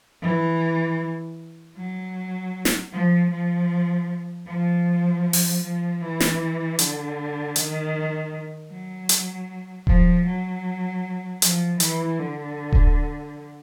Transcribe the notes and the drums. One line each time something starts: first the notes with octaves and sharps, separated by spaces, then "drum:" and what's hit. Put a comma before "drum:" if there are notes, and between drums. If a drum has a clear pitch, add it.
E3
F#3
drum: snare
F3
F3
F3
drum: open hi-hat
F3
E3
drum: snare
D3, drum: hi-hat
D#3, drum: hi-hat
F#3
drum: hi-hat
F3, drum: kick D#1
F#3
F3, drum: hi-hat
E3, drum: hi-hat
D3
drum: kick D#1